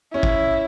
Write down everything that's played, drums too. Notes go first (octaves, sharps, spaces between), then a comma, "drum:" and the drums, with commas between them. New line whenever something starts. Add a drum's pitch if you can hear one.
C#4 E4
drum: kick